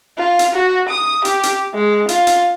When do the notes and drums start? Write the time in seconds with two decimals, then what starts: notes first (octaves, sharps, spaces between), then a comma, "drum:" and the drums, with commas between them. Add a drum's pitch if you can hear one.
0.18 F4
0.39 drum: hi-hat
0.55 F#4
0.89 D#6
1.25 G4, drum: hi-hat
1.43 drum: hi-hat
1.74 G#3
2.09 F4, drum: hi-hat
2.27 drum: hi-hat